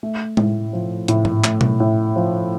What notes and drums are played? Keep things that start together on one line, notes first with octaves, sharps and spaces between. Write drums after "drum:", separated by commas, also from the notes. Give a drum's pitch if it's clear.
A3
A2, drum: tom G#3
F3
A2, drum: hi-hat
drum: tom G#2
A3, drum: clap
drum: tom B2
A2
F3